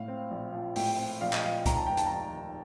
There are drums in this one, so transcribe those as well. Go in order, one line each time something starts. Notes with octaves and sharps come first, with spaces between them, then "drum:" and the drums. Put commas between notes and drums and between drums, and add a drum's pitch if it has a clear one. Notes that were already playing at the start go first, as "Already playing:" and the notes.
Already playing: A2 F5
C4
A#1
F3
A2 G5, drum: open hi-hat
C4
A#1 F5
D#5, drum: clap
F3 F5
D#2 A#5, drum: kick C2, hi-hat
A5
F1 G5
A5, drum: hi-hat
A#5
F1 A5
D#3